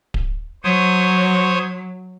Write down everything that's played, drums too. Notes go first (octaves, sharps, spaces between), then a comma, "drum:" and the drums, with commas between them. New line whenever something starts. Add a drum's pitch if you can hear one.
drum: kick D1
F#3 C5 C#5 D#6